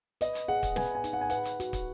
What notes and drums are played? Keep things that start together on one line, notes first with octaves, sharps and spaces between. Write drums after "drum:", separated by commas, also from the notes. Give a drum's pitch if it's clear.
B4 D#5, drum: hi-hat
drum: hi-hat
G#4 F#5
drum: kick, hi-hat
B4 G#5, drum: snare
G#5
D#4, drum: hi-hat
F#5
G#5
B4 F#5, drum: hi-hat
drum: hi-hat
F#4, drum: hi-hat
drum: kick, hi-hat